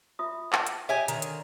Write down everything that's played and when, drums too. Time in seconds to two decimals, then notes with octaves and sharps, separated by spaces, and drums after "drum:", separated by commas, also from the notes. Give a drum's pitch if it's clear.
0.19 F4 E5 D#6
0.53 drum: clap
0.67 drum: hi-hat
0.89 G4 C#5 D#5 E5 G#5
1.08 D3 D#3 A#5, drum: hi-hat
1.22 drum: hi-hat